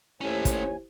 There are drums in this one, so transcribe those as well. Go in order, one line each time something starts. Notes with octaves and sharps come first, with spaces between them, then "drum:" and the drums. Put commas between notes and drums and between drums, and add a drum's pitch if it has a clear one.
D#2 A3 C#4 E4 G4 C5 C#5 G#5
drum: kick, hi-hat